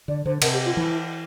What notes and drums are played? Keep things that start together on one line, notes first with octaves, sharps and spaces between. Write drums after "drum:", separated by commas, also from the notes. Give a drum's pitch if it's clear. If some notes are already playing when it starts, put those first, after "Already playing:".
D3 D5
D3 C5
C3 A#4, drum: cymbal
G4
F4
E3 E4